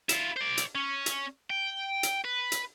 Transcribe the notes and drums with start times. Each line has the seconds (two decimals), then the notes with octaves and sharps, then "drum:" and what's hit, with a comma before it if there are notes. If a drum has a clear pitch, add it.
0.09 E4 F4, drum: hi-hat
0.36 C5 D5
0.58 drum: hi-hat
0.75 C#4
1.06 drum: hi-hat
1.50 G5
2.03 drum: hi-hat
2.24 B4
2.52 drum: hi-hat